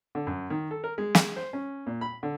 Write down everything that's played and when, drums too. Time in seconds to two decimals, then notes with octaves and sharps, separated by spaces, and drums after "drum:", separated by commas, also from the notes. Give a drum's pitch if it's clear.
0.15 D3
0.27 F#2
0.50 D#3
0.71 A4
0.84 A#4
0.98 G#3
1.15 drum: snare
1.36 C5
1.53 C#4
1.87 A#2
2.01 B5
2.23 D3